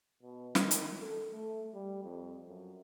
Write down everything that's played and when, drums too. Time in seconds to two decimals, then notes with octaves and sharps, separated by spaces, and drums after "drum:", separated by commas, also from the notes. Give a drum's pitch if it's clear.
0.23 B2
0.55 D#3, drum: snare
0.71 drum: hi-hat
1.01 A4
1.32 A3
1.74 G3
2.04 F2
2.48 F#2